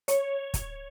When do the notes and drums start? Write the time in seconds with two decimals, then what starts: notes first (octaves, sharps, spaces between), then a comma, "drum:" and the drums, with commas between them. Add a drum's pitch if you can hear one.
0.08 C#5, drum: hi-hat
0.54 drum: kick, hi-hat